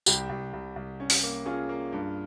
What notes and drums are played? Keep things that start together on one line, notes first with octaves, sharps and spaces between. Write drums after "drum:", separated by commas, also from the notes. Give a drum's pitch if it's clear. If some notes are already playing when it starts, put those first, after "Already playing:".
C2 G4, drum: tambourine
C2
C2
C2
C#4
drum: open hi-hat
A#3
C#4 F4 G#4
A#3
G2